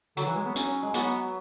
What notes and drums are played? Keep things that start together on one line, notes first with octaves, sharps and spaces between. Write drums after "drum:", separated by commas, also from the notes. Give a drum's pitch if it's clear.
D3 F#3, drum: hi-hat
E3
G#3
B3
C#4, drum: hi-hat
G#3
F#3 B3, drum: hi-hat